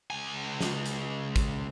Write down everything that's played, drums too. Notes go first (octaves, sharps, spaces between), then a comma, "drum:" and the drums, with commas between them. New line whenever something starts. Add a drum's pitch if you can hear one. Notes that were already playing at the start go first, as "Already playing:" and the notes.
C#2 G#5
drum: snare
drum: hi-hat
drum: kick, hi-hat